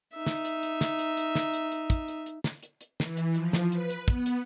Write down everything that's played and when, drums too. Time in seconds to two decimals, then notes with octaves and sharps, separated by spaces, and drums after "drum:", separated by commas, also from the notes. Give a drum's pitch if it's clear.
0.15 D#4 E5
0.26 drum: snare
0.45 drum: hi-hat
0.63 drum: hi-hat
0.81 drum: snare
0.99 drum: hi-hat
1.17 drum: hi-hat
1.35 drum: snare
1.54 drum: hi-hat
1.72 drum: hi-hat
1.90 drum: kick, hi-hat
2.08 drum: hi-hat
2.26 drum: hi-hat
2.44 drum: snare
2.62 drum: hi-hat
2.81 drum: hi-hat
3.00 E3, drum: snare
3.17 drum: hi-hat
3.35 F3, drum: hi-hat
3.53 drum: snare
3.72 B4, drum: hi-hat
3.90 drum: hi-hat
4.08 B3, drum: kick, hi-hat
4.26 drum: hi-hat